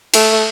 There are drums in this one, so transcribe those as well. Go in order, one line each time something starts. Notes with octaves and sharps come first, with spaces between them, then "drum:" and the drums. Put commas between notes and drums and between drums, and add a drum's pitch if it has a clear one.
A3, drum: cymbal